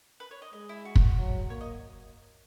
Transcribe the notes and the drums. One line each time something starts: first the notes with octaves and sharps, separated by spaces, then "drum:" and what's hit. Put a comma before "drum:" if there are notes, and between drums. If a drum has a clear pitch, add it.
B4
C#5
D#5
G#3 D#5
E4
F#4
drum: kick
F#3
A#3 C#5
D#5